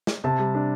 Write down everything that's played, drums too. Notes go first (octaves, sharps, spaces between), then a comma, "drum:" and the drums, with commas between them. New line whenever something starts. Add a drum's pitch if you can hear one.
drum: snare
C3 A5
G3
D4